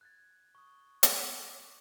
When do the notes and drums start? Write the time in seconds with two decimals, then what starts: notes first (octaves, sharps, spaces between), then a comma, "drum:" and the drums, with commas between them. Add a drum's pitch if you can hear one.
0.01 F#6 G#6 A6
0.55 C#6 D#6
1.03 D6 B6 E7, drum: hi-hat